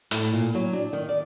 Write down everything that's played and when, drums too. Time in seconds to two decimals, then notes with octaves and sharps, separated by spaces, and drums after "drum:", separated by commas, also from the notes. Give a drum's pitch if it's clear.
0.11 A2, drum: hi-hat
0.33 A#2
0.55 F#3
0.73 D4
0.93 D#3
1.09 D5